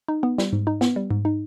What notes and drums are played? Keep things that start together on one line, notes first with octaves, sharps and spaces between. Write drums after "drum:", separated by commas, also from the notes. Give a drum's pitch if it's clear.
D#4
B3
G3, drum: snare
G#2
D#4
B3, drum: snare
G3
G#2
D#4